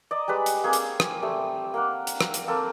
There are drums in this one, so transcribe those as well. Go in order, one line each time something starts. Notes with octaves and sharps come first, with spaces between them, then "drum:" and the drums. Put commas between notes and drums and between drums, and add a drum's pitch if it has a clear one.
D5 D#5 A#5
G3 G#3 B4 D5
drum: hi-hat
A#3 C4 G#4
drum: hi-hat
drum: rim click
G3 A3
A#3 A#4 F#5
drum: hi-hat
drum: rim click
drum: hi-hat
A#3 C4 A4 A#4